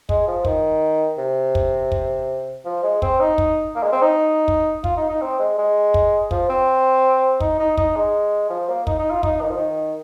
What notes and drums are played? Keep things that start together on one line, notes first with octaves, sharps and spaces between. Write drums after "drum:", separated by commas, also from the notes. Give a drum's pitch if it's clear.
G#3, drum: kick
F3
D#3, drum: kick
C3
drum: kick
drum: kick
F3
G#3
C4, drum: kick
D#4
drum: kick
A#3
G#3
C4
D#4
drum: kick
F4, drum: kick
D#4
D#4
C4
G#3
G#3
drum: kick
F3, drum: kick
C4
D#4, drum: kick
D#4
D#4, drum: kick
G#3
F3
A#3
D#4, drum: kick
D#4
F4
D#4, drum: kick
D#3
F3
D#3